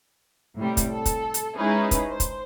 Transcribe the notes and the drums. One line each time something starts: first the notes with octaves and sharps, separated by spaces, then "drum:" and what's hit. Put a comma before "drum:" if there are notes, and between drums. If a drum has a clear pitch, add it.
A2 C3 G3
drum: kick, hi-hat
A4
drum: kick, hi-hat
drum: hi-hat
G#3 C#4 D#4 E4 G#4 B4
drum: kick, hi-hat
C5
drum: kick, hi-hat